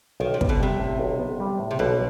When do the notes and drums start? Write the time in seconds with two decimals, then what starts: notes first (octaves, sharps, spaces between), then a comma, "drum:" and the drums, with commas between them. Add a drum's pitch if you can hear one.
0.20 B1 D#3
0.34 C3
0.41 B3, drum: kick
0.49 B2
0.60 C3 G3
0.80 A2
0.99 B1
1.19 B3
1.40 G3
1.59 A2
1.71 C3
1.79 B1 B2